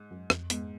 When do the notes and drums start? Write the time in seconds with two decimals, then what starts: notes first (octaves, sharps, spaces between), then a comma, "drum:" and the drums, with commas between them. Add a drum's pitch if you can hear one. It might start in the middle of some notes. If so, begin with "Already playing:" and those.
Already playing: G#2
0.11 F#2
0.30 F2, drum: rim click
0.50 G#2 B3, drum: hi-hat